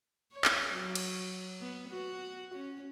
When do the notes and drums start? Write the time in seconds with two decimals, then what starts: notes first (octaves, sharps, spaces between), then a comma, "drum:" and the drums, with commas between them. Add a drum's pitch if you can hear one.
0.32 C#5
0.45 drum: clap
0.72 F#3
0.95 drum: cymbal
1.60 B3
1.89 F#4
2.54 C#4